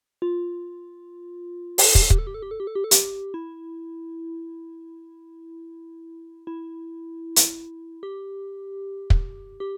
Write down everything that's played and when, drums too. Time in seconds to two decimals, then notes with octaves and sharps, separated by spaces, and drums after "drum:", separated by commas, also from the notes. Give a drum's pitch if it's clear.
0.22 F4
1.78 G4, drum: open hi-hat
1.86 A4
1.95 G4, drum: kick
2.02 A4
2.10 G4, drum: kick
2.18 A4
2.27 G4
2.34 A4
2.42 G4
2.51 A4
2.60 G4
2.67 A4
2.75 G4
2.84 A4
2.91 G4, drum: hi-hat
3.34 E4
6.47 E4
7.36 drum: hi-hat
8.03 G4
9.10 drum: kick
9.60 G4